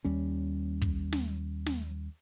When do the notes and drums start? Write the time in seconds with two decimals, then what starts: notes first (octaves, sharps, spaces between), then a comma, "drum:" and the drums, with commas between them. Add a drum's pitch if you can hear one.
0.04 D#2 G3 C#4
0.82 drum: kick
1.12 drum: snare
1.66 drum: snare